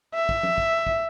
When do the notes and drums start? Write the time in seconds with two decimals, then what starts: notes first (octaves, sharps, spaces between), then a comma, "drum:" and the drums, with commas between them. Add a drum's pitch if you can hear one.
0.15 E5
0.29 drum: kick
0.43 drum: tom F3
0.58 drum: kick
0.87 drum: kick